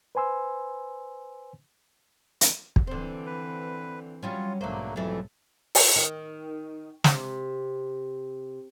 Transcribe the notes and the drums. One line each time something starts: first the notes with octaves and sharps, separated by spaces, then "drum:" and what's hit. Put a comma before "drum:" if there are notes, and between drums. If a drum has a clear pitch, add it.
B4 C5 G#5 C6 E6
drum: hi-hat
drum: kick
D3 E3 C4 C5
B4
F#3 G3 C#4 F4
B1 G#2 D3 F#3 A3 A#3 C5
F2 E3 F#3 A3
drum: open hi-hat
D#3
C3, drum: snare